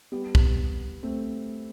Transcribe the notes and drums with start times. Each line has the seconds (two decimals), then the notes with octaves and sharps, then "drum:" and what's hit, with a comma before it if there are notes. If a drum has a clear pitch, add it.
0.12 G3 B3
0.35 drum: kick
1.03 A3 C4